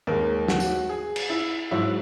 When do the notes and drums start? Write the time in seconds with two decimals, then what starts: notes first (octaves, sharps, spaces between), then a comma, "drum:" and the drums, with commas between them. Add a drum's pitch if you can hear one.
0.07 D#2 D#3 G#3 A#4
0.48 F#4, drum: snare
0.60 drum: tambourine
0.89 G#4
1.16 drum: cymbal
1.30 E4
1.71 G#2 F#3 E4